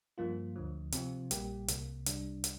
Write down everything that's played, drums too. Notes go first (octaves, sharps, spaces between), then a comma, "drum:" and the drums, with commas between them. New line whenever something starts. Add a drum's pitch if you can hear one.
G2 F3 A#3 F4
D2 D3 F3
C3 F3 C4 F4, drum: hi-hat
A#1 A#2 G3 A#3 G4, drum: hi-hat
C2 C3 A#3, drum: hi-hat
C2 C3 G3 D4, drum: hi-hat
drum: hi-hat